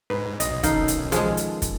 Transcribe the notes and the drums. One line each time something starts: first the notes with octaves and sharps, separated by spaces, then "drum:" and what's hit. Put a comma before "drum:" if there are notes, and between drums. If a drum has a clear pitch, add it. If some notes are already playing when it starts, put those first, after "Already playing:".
G#2 B4
B1 D#5, drum: hi-hat
D#3 C#4 D#4 A4 F5, drum: kick, hi-hat
drum: hi-hat
F3 G#3 G#4, drum: hi-hat
drum: hi-hat
drum: kick, hi-hat